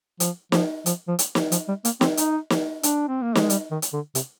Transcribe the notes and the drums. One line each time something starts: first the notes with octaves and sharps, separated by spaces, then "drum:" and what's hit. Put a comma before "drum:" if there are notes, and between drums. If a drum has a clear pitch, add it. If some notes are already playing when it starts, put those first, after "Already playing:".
F3, drum: hi-hat
F3, drum: snare
F3, drum: hi-hat
F3
drum: hi-hat
drum: snare
F3, drum: hi-hat
G3
A#3, drum: hi-hat
C4, drum: snare
D#4, drum: hi-hat
drum: snare
D4, drum: hi-hat
C4
A#3
G#3, drum: snare
G3, drum: hi-hat
D#3
drum: hi-hat
D3
C3, drum: hi-hat